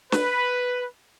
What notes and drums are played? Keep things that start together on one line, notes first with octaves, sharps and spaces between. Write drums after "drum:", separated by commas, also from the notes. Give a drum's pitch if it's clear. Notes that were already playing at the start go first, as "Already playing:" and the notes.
B4, drum: snare